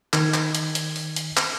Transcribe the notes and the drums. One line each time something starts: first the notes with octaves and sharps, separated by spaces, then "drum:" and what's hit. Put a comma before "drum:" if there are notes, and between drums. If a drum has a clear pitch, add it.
D#3 G#6, drum: clap
drum: clap
drum: hi-hat
drum: hi-hat
drum: open hi-hat
drum: hi-hat
drum: clap